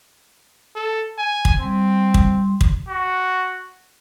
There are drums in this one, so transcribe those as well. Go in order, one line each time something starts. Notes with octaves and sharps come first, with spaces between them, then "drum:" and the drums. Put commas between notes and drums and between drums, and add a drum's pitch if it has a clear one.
A4
G#5
drum: kick
G3 C4 C6
drum: kick
drum: kick
F#4